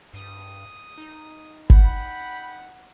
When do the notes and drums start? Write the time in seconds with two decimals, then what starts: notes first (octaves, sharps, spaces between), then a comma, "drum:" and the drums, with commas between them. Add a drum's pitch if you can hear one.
0.14 G2 D#6
0.98 D#4
1.70 F#5 G5 B5, drum: kick G1